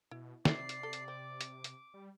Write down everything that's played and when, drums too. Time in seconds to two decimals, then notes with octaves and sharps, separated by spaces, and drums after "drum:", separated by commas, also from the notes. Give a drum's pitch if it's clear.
0.11 B2 E4
0.45 C3 C4 D#4 D5 E5 C7, drum: snare
0.69 drum: hi-hat
0.83 A4
0.93 drum: hi-hat
1.08 C4 D6
1.41 drum: hi-hat
1.64 drum: hi-hat
1.94 G3